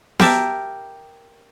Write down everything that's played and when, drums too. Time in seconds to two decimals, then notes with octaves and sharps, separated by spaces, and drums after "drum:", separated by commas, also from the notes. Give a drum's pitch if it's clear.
0.20 G4 A#4 E5 A5, drum: snare B3